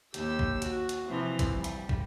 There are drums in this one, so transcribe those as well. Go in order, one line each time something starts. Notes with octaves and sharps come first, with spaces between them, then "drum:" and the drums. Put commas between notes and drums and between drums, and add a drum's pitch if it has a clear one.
D#2 G4 E6, drum: hi-hat
drum: kick
F#4, drum: hi-hat
drum: hi-hat
C3 E3 F3 C4
drum: kick, hi-hat
G3
drum: hi-hat
drum: kick